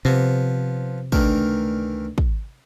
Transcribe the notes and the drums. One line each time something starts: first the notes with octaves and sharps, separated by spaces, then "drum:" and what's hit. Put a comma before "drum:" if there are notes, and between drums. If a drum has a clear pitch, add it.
C3 F3 B3
C#2 D#3 E3 A3 D4 A#4, drum: kick
drum: kick